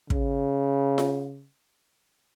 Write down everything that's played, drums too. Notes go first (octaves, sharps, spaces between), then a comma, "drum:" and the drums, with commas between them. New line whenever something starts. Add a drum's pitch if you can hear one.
C#3, drum: kick
drum: snare F4